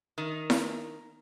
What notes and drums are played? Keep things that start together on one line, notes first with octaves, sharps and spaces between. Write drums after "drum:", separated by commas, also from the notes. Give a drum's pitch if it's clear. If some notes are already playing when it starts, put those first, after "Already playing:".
D#3
drum: snare E4